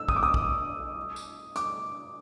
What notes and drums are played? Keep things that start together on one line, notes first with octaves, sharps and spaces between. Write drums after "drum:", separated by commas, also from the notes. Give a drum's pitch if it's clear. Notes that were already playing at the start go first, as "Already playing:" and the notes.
Already playing: E6
D#6, drum: kick
D6
D#6
drum: kick
drum: tambourine
D6, drum: hi-hat